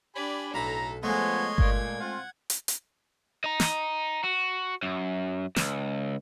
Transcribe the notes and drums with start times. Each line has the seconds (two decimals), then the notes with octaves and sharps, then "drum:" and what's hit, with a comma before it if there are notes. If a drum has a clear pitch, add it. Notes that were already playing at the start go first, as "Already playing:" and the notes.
0.15 D4 G4 D5 G#5 B5
0.54 B1 A2 A4 A#5 B5
1.03 F3 G#3 A3 B3 C#5 D#5 C6 G#6
1.58 A#2, drum: kick G1
2.00 C4 F4 F#5
2.50 drum: hi-hat
2.68 drum: hi-hat
3.44 D#5 A#5
3.60 drum: snare
4.24 F#4
4.83 F#2
5.56 C#2, drum: snare